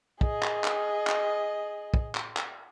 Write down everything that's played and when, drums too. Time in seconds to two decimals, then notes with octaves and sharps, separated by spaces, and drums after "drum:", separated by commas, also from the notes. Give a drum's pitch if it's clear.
0.21 G#4 D#5, drum: kick
0.43 drum: clap
0.64 drum: clap
1.07 drum: clap
1.94 drum: kick
2.15 drum: clap
2.37 drum: clap